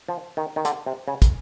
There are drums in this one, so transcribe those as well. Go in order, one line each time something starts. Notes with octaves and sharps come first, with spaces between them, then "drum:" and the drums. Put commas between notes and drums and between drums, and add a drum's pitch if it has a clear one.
F3
D#3
D#3
D3, drum: hi-hat
C3
C#3
drum: kick, hi-hat